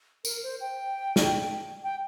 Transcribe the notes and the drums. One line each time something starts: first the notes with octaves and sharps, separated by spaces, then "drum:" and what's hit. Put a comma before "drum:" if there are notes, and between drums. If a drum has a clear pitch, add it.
A#4, drum: tambourine
C5
G5
drum: snare
G5